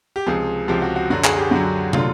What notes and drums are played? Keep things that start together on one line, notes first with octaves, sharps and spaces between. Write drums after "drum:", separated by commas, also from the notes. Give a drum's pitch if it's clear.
G4
C#2 C3 F3 G#4
C#2 C3 F3 G4
F#4
F#4
F#2 D3 F#3 F#4
G#4, drum: clap
G4
F#2 D3 F#3 F#4
D3 F#3 F4, drum: tom